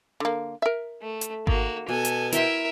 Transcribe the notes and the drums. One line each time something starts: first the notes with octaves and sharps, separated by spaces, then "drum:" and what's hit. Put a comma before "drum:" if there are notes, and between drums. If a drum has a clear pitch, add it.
D3 A#3
A#4 E5
A3
drum: hi-hat
D#3 A#3 F#4, drum: kick G#1
B2 A4 G#5
drum: hi-hat
E4 A#4 E5 G5 C6, drum: hi-hat